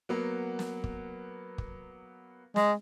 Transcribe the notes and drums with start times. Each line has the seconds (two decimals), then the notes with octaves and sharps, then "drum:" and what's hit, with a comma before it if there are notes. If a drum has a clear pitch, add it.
0.09 F#3 A#3 B3
0.59 drum: snare
0.84 drum: kick
1.58 drum: kick
2.56 G#3, drum: snare